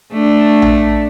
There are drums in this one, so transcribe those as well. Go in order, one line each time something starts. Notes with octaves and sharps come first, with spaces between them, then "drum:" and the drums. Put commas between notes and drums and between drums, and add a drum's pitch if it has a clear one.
A3 D4
drum: tom A#1